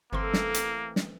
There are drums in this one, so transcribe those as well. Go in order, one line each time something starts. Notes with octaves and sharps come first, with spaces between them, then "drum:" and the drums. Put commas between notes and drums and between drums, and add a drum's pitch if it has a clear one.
G1 E3 A3 A#3 C4 C6
drum: snare
drum: hi-hat
drum: snare